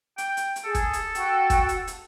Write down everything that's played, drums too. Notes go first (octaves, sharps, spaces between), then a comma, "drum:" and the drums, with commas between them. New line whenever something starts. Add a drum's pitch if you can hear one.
G5, drum: hi-hat
drum: hi-hat
drum: hi-hat
G#4 A4
drum: kick, hi-hat
drum: hi-hat
F#4 G5, drum: hi-hat
drum: kick, hi-hat
drum: hi-hat
drum: hi-hat